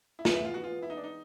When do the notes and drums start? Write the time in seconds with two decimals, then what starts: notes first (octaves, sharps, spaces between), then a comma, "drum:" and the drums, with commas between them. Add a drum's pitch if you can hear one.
0.19 E4
0.25 E3 G#3 B3 F4, drum: snare
0.35 E4
0.45 F4
0.54 F#4
0.64 F4
0.83 E4
0.90 D#4
0.97 D4
1.04 D#4